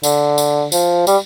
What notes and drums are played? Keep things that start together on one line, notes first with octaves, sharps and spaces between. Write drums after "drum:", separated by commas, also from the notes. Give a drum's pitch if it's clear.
D3, drum: tambourine
drum: tambourine
F3, drum: tambourine
G3, drum: tambourine